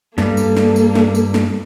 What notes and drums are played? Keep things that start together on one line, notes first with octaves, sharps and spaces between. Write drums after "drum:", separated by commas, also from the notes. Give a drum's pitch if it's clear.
G2 G3 A#3 A4, drum: snare
drum: tambourine
drum: snare
drum: tambourine
drum: snare
drum: tambourine
drum: snare